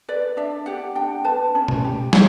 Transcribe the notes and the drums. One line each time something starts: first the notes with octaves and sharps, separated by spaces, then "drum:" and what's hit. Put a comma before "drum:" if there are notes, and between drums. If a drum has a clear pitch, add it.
B4 D5
D4 E5
G4 F#5
D4 G5
B4 A5
C#4
drum: tom B2
G4
C#4, drum: snare